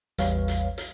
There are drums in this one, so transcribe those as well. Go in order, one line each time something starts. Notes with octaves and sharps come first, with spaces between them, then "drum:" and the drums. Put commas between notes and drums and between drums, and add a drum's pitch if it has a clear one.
A1 E2 G3 B4 C#5 F5, drum: hi-hat
drum: hi-hat
drum: hi-hat